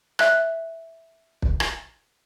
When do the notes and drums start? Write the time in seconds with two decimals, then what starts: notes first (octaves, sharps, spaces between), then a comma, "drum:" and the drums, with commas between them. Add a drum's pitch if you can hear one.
0.19 E5 F#6, drum: rim click
1.42 drum: kick
1.60 drum: rim click